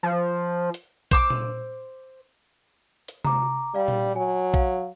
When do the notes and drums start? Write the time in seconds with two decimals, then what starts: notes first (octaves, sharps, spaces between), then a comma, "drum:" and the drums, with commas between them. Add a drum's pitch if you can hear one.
0.03 F3
0.74 drum: hi-hat
1.11 C5 D6 E6, drum: kick A#1
1.30 drum: tom A#2
3.08 drum: hi-hat
3.24 A#5 D6, drum: tom C3
3.75 G3 D5 F5
3.88 drum: tom A#2
4.16 F#3 G#5
4.54 F5, drum: kick A#1